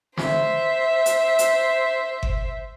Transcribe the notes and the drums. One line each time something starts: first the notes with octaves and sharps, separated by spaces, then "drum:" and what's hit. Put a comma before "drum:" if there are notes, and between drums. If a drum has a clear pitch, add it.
C5 E5, drum: snare
drum: hi-hat
drum: hi-hat
drum: kick G1